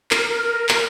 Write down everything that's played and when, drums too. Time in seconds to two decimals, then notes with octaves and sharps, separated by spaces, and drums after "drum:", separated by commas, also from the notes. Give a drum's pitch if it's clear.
0.11 A#4, drum: clap
0.69 drum: clap